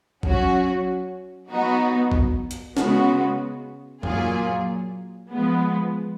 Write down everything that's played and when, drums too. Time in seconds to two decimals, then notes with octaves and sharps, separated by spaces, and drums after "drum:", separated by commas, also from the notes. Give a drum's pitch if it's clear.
0.23 F#3 C#4 F#4, drum: kick A1
1.50 F#3 B3 D#4 F#4
2.12 drum: kick A1
2.51 drum: hi-hat
2.77 C#3 G#3 B3 F#4, drum: snare
4.03 A#2 F#3 A#3 F4 G#4, drum: tom F#2
5.30 F3 G#3 B3